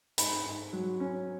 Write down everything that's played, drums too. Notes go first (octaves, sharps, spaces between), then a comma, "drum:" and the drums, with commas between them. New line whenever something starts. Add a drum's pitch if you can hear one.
G#2 B5, drum: hi-hat
G#2
F#3
C#4